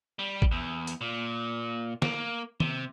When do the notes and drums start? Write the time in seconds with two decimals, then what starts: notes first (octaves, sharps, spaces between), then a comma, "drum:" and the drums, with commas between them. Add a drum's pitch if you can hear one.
0.19 G3
0.42 drum: kick G#1
0.51 E2
0.87 drum: hi-hat
1.01 A#2
2.02 A#3, drum: snare
2.60 C3, drum: tom